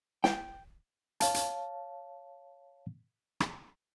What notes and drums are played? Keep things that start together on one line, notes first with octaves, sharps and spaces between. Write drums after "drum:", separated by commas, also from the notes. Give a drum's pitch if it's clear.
G5, drum: snare
C#5 F5 A5, drum: hi-hat
drum: hi-hat
drum: rim click